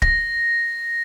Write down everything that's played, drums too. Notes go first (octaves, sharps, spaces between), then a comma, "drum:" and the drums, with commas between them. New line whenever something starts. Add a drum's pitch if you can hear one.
A#6, drum: kick D1